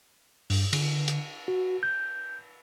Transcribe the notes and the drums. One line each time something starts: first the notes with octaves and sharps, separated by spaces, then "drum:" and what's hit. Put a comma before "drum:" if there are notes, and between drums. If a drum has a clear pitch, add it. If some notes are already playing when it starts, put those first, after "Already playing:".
G2, drum: open hi-hat
D3, drum: cymbal
drum: hi-hat
F#4
G6